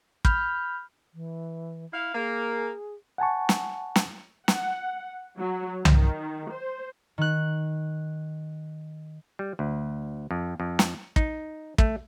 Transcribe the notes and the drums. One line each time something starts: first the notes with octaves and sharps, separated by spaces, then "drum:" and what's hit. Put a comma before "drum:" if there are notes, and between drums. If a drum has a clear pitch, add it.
B5 F6 G6, drum: kick
E3
E4 F5
A#3 G#4
F#5 G#5 A5 C#6
drum: snare
drum: snare
F#5, drum: snare
F#3
D#3, drum: tom C2
C5
D#3 F#6
G3
D2
F2
F2
drum: snare
D#4, drum: kick
A3, drum: kick